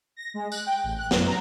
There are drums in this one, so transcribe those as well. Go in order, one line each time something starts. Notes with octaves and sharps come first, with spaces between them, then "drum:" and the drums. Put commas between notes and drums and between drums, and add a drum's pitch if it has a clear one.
A#6
G#3
F#6, drum: tambourine
G5
A1
F#6
F#2, drum: snare
A#5